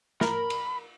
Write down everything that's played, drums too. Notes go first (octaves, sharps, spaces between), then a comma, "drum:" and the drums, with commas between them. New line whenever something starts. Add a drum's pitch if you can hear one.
A#4 B5, drum: snare
drum: cymbal